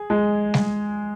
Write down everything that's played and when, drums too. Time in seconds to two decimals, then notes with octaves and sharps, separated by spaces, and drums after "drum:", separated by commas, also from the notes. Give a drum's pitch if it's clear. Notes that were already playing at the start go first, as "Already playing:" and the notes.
Already playing: G#4
0.10 G#3
0.54 drum: snare